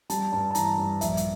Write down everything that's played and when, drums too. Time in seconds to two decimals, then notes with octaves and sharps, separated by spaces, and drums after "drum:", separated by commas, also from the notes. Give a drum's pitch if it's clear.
0.10 G3 A5, drum: hi-hat
0.32 G2 A5
0.51 A5
0.55 E3 A#5, drum: hi-hat
0.78 G2
1.01 A#1 E5, drum: hi-hat
1.17 drum: hi-hat